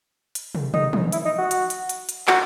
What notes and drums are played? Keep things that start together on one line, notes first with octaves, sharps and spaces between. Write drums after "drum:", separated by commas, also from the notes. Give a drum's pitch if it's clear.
drum: hi-hat
drum: tom
D#4, drum: tom
drum: tom
E4, drum: hi-hat
D#4
F#4
drum: hi-hat
drum: hi-hat
drum: hi-hat
drum: hi-hat
F#4, drum: clap